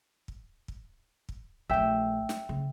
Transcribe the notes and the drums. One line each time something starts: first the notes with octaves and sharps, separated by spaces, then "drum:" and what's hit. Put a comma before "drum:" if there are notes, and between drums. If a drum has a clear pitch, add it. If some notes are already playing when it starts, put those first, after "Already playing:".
drum: kick
drum: kick
drum: kick
A#1 A3 E5 G5
drum: snare
C#3